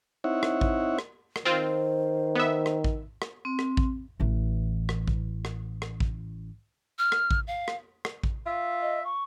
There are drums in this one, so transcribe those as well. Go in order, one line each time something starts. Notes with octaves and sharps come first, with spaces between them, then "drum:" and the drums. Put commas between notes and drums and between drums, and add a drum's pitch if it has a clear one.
C4 D#4 E4 C#5 E5 F#5
drum: rim click
drum: kick A1
drum: rim click
drum: rim click
D#3 C4 F4 C5
B3 E5
drum: rim click
drum: kick A1
drum: rim click
C4
drum: rim click
drum: kick A1
A1 E3
drum: rim click
drum: kick A1
drum: rim click
drum: rim click
drum: kick A1
F6
drum: rim click
drum: kick A1
F5
drum: rim click
drum: rim click
drum: kick A1
F4 E5
D#5
C#6